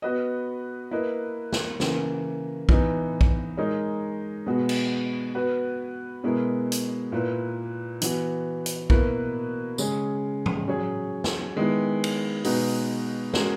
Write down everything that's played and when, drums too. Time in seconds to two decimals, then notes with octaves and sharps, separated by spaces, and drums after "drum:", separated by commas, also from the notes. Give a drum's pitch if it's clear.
0.02 B3 F#4 B4 D#5
0.91 A#3 E4 B4 D#5
1.53 drum: snare
1.80 C#3 E3 A#3, drum: snare
2.69 E3 B3 D#4, drum: kick A#1
3.21 drum: kick A#1
3.57 G#3 D#4 A#4 C#5
4.46 B2 G#3 B3 F#4
4.69 drum: cymbal
5.35 B3 F#4 B4
6.24 B2 G#3 B3 E4 A#4
6.72 drum: hi-hat
7.12 A#2 A#3 E4 B4
8.02 E3 B3 F#4, drum: hi-hat
8.66 drum: hi-hat
8.90 B2 A#3 E4 B4, drum: kick A#1
9.78 C#3 G#3 C#4 G#4, drum: tambourine
10.46 drum: tom G#2
10.67 F#3 C#4 G#4 C#5
11.24 drum: snare
11.56 D#3 G#3 B3 E4
12.04 drum: cymbal
12.44 B2 G#3 D#4 F#4 B4, drum: open hi-hat
13.34 G#3 C#4 F#4 A#4 C#5, drum: snare